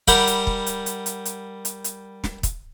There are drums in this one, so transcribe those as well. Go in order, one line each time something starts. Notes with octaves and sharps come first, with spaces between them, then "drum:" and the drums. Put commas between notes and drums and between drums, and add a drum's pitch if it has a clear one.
G3 A#4 F#5 G5 B5, drum: kick, hi-hat
drum: hi-hat
drum: kick
drum: hi-hat
drum: hi-hat
drum: hi-hat
drum: hi-hat
drum: hi-hat
drum: hi-hat
drum: snare
drum: kick, hi-hat